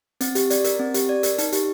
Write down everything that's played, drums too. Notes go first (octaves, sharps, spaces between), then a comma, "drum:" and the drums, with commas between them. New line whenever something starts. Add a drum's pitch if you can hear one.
C4, drum: hi-hat
G4, drum: hi-hat
D5, drum: hi-hat
A#4, drum: hi-hat
C4
G4, drum: hi-hat
D5
A#4, drum: hi-hat
D#4, drum: hi-hat
G4, drum: hi-hat